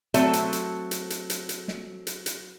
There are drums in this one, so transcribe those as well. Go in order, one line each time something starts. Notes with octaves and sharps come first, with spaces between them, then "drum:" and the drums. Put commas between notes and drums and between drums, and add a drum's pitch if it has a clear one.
F#3 A3 C4 A4 E5, drum: hi-hat
drum: hi-hat
drum: hi-hat
drum: hi-hat
drum: hi-hat
drum: hi-hat
drum: hi-hat
drum: snare
drum: hi-hat
drum: hi-hat